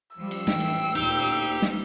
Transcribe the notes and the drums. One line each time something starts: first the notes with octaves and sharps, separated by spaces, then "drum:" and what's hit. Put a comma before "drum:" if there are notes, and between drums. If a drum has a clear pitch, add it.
F3 G3 E6
drum: cymbal
A2 E3 G5, drum: snare
drum: cymbal
D2 A#2 D#4 G4
drum: cymbal
drum: snare